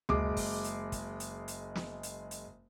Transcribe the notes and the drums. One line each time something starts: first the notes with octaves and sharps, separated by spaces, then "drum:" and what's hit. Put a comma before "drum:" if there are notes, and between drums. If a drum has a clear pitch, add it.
F#1 G#3 D6, drum: tom D2
drum: kick, open hi-hat
drum: hi-hat
drum: kick, hi-hat
drum: hi-hat
drum: hi-hat
drum: snare
drum: hi-hat
drum: hi-hat